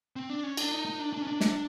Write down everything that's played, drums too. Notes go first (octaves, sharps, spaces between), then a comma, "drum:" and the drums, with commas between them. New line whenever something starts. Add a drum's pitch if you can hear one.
C4
D4
C#4
D4, drum: cymbal
D#4
D#4
D4
D4
C#4
D4
D4, drum: snare